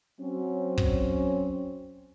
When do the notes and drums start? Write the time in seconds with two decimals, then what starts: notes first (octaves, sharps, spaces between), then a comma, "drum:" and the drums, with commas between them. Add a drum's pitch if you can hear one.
0.21 F#3 C4 C#4
0.78 drum: kick